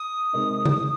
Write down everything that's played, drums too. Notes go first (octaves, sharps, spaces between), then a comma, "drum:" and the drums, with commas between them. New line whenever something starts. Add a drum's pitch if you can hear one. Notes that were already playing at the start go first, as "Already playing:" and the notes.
Already playing: D#6
C3 G#3 D#4 A#4 D#5
drum: tom C#3